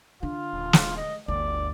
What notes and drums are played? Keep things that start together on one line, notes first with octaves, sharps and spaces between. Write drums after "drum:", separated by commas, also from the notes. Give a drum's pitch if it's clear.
D3 F4
D#1
drum: snare
D#5
G1 D2 D5